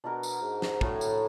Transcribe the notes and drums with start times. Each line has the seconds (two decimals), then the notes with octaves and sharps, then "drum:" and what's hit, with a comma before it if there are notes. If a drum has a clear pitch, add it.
0.04 B2 D4 F#4 A#4
0.23 drum: tambourine
0.42 G#2
0.62 drum: snare
0.81 A2 D4 F#4 A#4, drum: kick
1.01 drum: tambourine